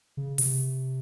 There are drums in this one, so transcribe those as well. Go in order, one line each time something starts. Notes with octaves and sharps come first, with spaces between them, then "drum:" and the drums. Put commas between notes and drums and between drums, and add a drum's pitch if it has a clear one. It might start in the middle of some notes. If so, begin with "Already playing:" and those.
C#3
C3, drum: open hi-hat